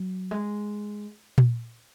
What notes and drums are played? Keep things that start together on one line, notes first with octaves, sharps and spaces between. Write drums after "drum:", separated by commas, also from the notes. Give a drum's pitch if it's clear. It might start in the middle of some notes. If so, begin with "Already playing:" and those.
Already playing: F#3
G#3
drum: tom A#2